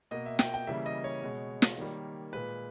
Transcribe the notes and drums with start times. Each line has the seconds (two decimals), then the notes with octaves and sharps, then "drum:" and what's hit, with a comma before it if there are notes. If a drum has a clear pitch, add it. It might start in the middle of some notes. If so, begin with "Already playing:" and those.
0.11 B2 A#3 D#5
0.26 E5
0.39 G5, drum: snare
0.54 G5
0.67 C#3 E3 G3 A#3 E5
0.86 D#5
1.04 C#5
1.22 B2 G#3
1.62 drum: snare
1.78 D#3 G3 A#3
2.33 A#2 G#3 B4